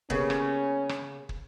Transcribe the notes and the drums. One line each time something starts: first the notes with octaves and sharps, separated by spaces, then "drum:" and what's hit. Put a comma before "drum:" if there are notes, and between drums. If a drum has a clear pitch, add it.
C#3 A#3 B3 C#4 G4, drum: kick
drum: rim click
drum: rim click
drum: kick